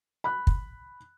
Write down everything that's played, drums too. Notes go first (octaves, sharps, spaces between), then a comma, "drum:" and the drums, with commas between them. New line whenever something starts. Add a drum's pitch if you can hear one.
B5 F#6
drum: kick